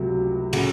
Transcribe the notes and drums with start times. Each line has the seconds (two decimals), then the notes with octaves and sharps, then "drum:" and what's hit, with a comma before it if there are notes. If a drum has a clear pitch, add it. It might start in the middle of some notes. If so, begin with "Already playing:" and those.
Already playing: C#2 C3 F#3 A3
0.53 C#3 A3 F#4, drum: cymbal